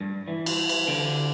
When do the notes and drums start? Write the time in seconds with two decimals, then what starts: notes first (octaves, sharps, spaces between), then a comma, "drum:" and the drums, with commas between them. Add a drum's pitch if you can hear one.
0.01 G2
0.28 E3
0.46 drum: cymbal
0.69 drum: cymbal
0.88 D3